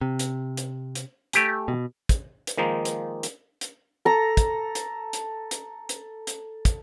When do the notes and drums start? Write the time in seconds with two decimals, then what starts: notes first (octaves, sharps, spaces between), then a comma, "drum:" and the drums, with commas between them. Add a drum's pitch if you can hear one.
0.01 C3
0.19 drum: hi-hat
0.57 drum: hi-hat
0.95 drum: hi-hat
1.33 A3 G4 G#5, drum: hi-hat
1.68 B2
2.09 drum: kick, hi-hat
2.47 drum: hi-hat
2.57 D#3 F3 G#3 A#3 D#4
2.85 drum: hi-hat
3.23 drum: hi-hat
3.61 drum: hi-hat
4.05 A4 A#5
4.37 drum: kick, hi-hat
4.75 drum: hi-hat
5.13 drum: hi-hat
5.51 drum: hi-hat
5.89 drum: hi-hat
6.27 drum: hi-hat
6.65 drum: kick, hi-hat